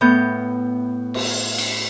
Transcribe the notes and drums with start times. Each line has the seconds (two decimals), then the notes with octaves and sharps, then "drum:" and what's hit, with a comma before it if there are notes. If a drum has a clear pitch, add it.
0.01 A2 B3 G6
1.14 drum: cymbal
1.58 drum: cymbal